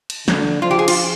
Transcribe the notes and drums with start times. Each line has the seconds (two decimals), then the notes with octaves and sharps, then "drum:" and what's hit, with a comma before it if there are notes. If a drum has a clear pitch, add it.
0.10 drum: cymbal
0.28 D3, drum: snare
0.62 F3 F4
0.71 G4
0.79 G#4
0.88 F4, drum: cymbal